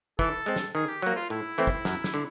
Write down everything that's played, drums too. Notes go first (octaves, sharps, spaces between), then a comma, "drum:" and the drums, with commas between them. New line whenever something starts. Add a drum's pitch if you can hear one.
E3 A4, drum: kick
G#3 C4
drum: snare
D#3 G#4
G4
F#3 A#3 F#4
F4
A2 E4
E3 A3 C4
drum: kick
F#2, drum: snare
drum: snare
D3